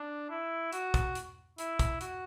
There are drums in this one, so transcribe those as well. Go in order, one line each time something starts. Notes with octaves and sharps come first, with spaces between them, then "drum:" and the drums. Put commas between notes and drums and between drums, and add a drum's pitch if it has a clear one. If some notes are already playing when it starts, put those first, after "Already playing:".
Already playing: D4
E4
F#4, drum: hi-hat
drum: kick, hi-hat
drum: hi-hat
E4, drum: hi-hat
drum: kick, hi-hat
F#4, drum: hi-hat